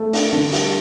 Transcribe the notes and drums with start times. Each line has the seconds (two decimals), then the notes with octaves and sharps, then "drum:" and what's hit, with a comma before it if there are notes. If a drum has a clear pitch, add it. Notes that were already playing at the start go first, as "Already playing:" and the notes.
Already playing: A3
0.13 D4, drum: open hi-hat
0.33 D3
0.52 G3, drum: open hi-hat